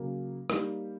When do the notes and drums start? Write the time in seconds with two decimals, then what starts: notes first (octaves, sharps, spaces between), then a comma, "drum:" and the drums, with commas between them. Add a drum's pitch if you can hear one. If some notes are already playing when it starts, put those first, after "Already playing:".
Already playing: C#3 F#3 A#3
0.50 G3 A#3 D#4 G4, drum: rim click